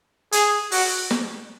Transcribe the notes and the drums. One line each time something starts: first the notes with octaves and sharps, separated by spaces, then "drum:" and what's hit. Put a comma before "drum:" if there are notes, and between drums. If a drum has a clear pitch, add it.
G#4, drum: hi-hat
F#4, drum: open hi-hat
drum: snare